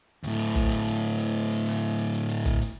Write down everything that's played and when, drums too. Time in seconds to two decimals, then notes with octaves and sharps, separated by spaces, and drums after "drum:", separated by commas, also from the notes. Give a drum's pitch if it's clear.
0.24 D2 A2, drum: hi-hat
0.40 drum: hi-hat
0.55 drum: kick, hi-hat
0.71 drum: hi-hat
0.87 drum: hi-hat
1.19 drum: hi-hat
1.50 drum: hi-hat
1.66 drum: open hi-hat
1.98 drum: hi-hat
2.14 drum: hi-hat
2.30 drum: hi-hat
2.45 drum: kick, hi-hat
2.61 drum: hi-hat